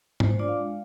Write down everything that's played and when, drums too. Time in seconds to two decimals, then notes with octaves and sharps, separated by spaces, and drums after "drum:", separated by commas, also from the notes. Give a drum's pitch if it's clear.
0.20 G#3 C5, drum: tom
0.30 C5
0.39 D4 F4 D5
0.48 F5
0.57 G#3